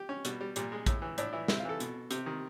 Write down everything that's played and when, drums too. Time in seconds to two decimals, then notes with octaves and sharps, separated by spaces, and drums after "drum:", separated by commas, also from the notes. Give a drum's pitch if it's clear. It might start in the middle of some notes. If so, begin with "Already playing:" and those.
Already playing: G4
0.09 C#4
0.25 B2 G3, drum: hi-hat
0.41 G3
0.56 A#2 G3, drum: hi-hat
0.72 G#3
0.86 A2, drum: kick, hi-hat
1.02 E3
1.18 A2 D4, drum: hi-hat
1.33 E3 E4
1.48 C3 E4, drum: snare
1.60 F4
1.65 E3 A4
1.80 B2, drum: hi-hat
2.11 C3, drum: hi-hat
2.26 D#3